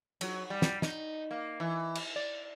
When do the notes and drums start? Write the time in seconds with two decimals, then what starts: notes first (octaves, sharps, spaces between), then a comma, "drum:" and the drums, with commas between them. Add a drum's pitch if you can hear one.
0.21 F#3, drum: cymbal
0.50 G3
0.62 drum: snare
0.82 D#4, drum: snare
1.31 A#3
1.60 E3
1.95 drum: cymbal
2.16 D5